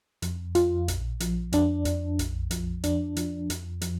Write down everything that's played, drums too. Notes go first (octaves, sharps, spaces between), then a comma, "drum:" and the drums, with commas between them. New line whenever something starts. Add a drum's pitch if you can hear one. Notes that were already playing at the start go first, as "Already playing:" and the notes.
F2, drum: hi-hat
F2 F4, drum: hi-hat
A#1, drum: hi-hat
F3, drum: hi-hat
F2 D4, drum: hi-hat
F2, drum: hi-hat
A#1, drum: hi-hat
F3, drum: hi-hat
F2 D4, drum: hi-hat
F3, drum: hi-hat
F2, drum: hi-hat
F3, drum: hi-hat